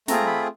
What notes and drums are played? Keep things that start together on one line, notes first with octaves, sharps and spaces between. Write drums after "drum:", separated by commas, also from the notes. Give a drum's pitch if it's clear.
A3 C4 F4 G#4 A#5, drum: snare
B5